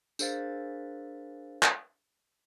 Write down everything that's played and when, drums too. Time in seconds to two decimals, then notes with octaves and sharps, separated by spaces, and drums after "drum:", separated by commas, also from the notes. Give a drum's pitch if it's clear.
0.19 D4 G#4 A#4 C5 F5 A6, drum: tambourine
1.63 drum: clap